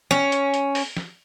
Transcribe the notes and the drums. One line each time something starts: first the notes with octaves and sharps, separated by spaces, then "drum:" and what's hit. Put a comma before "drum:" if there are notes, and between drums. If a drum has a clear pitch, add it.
C#4, drum: snare
drum: hi-hat
drum: hi-hat
drum: open hi-hat
drum: snare